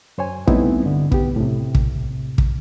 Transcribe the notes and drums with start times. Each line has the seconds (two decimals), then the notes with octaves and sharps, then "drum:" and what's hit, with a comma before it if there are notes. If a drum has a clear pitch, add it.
0.18 F#2 C5 C#5 G#5
0.48 G3 A3 B3 C4 D#4 E4, drum: kick
0.83 G2 D3
1.12 B3 G4, drum: kick
1.36 A2 C3
1.75 drum: kick
2.38 drum: kick